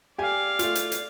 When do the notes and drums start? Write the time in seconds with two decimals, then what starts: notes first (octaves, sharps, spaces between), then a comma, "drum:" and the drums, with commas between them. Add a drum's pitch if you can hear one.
0.18 G4 D5 F5 G#5
0.59 A3 F4, drum: hi-hat
0.75 drum: hi-hat
0.92 drum: hi-hat